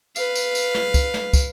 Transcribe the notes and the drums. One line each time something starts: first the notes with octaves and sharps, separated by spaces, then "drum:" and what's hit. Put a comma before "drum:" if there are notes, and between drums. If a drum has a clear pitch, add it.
B4 F5, drum: tambourine
drum: tambourine
drum: tambourine
drum: snare
drum: kick, tambourine
drum: snare
drum: kick, tambourine